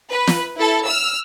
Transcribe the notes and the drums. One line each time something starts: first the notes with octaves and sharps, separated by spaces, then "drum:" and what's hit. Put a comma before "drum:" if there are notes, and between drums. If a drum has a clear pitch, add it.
B4
drum: snare
E4 A4
E6 F6